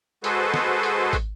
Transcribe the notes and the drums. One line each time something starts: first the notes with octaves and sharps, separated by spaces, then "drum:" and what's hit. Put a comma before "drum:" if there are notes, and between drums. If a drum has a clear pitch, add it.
G#3 F#4 G#4 A4 B4 C5, drum: hi-hat
drum: snare
drum: hi-hat
drum: kick, hi-hat